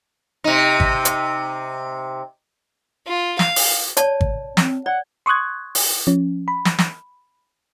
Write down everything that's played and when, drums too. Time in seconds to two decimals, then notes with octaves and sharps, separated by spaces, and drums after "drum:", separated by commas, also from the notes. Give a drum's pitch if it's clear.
0.44 C3 D#4
0.80 drum: kick
1.05 drum: hi-hat
3.06 F4
3.39 F5, drum: snare
3.56 drum: open hi-hat
3.97 C#5 D5 A5, drum: hi-hat
4.21 drum: kick
4.57 C4, drum: snare
4.86 D5 F#5
5.26 C6 C#6 D#6 F#6 G#6
5.75 drum: open hi-hat
6.07 F3 C#4
6.48 B5
6.65 drum: snare
6.79 drum: snare